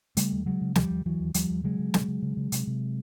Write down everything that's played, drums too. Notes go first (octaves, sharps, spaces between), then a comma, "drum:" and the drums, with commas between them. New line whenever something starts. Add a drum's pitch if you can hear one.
C#3 G3 A3, drum: hi-hat
D#2
C#3 F#3 G#3
C#3
D#2 F3 G3, drum: snare
D#2
D#2 E3 F#3
D#2
D#2 F3 G3, drum: hi-hat
D#2
C#3 F#3 G#3
C#3
C#3, drum: snare
C#3
C#3
C#3
C3, drum: hi-hat
C3